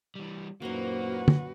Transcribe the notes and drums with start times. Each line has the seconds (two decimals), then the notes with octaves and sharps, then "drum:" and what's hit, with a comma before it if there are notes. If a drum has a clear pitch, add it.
0.15 E3 G3
0.62 F#2 A#2 E3 A#3 C4 D#4 F#4 B4
1.28 drum: tom